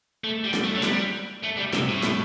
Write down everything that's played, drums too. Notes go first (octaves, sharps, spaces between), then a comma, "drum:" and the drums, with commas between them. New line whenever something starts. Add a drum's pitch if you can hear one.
A3
G3
drum: snare
A3
F#3
G3, drum: snare
A3
G3
C3, drum: snare
A2
drum: snare